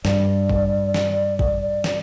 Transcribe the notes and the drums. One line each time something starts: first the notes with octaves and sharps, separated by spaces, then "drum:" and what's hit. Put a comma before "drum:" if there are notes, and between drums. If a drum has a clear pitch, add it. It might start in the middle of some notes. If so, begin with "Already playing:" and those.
G2 D5, drum: snare
drum: kick G#1
drum: snare
drum: kick G#1
drum: snare